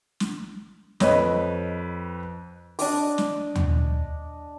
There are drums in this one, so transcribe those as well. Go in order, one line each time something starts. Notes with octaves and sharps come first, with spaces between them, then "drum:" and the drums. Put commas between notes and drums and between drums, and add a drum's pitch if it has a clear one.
drum: snare
F2 B4 C#5 D#5, drum: snare
D4 D#5 D6, drum: open hi-hat
drum: snare
drum: tom D#2